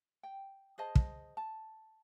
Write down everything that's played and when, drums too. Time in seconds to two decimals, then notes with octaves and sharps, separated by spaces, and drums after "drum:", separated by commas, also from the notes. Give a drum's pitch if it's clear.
0.23 G5
0.78 G#4 C5 D#5 A5
0.95 drum: kick
1.37 A5